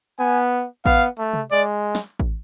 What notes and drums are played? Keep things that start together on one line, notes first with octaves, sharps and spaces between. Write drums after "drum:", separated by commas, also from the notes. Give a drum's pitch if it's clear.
B3 G#5
B3 F5, drum: kick A1
A3
drum: tom C3
G#3 D5
drum: snare
drum: kick A1